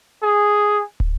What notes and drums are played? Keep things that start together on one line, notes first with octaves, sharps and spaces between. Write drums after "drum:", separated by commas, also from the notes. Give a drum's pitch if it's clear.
G#4
drum: kick